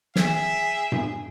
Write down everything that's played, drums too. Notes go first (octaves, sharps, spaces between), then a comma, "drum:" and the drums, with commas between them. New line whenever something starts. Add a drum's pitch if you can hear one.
G#4 E5 G5, drum: snare
drum: tom G2